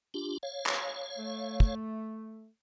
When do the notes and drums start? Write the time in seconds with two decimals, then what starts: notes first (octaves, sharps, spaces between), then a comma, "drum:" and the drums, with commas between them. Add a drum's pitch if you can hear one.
0.14 D4 F4 G4
0.43 C#5 F5
0.66 drum: clap
1.17 A3
1.60 drum: kick